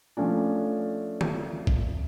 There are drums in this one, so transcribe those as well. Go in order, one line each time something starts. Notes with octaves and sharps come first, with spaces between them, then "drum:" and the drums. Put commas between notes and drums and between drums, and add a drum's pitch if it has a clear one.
F3 A3 C#4 D4
drum: tom D3
drum: kick A1